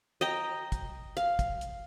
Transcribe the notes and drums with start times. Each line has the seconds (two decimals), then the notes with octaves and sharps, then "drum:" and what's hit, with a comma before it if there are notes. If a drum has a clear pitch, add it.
0.21 D#5 G5 A#5
0.72 drum: kick, hi-hat
1.17 F5, drum: hi-hat
1.39 drum: kick, hi-hat
1.61 drum: hi-hat